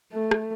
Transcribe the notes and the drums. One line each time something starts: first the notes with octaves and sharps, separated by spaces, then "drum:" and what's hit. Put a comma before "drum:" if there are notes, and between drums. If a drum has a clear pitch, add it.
A3
drum: rim click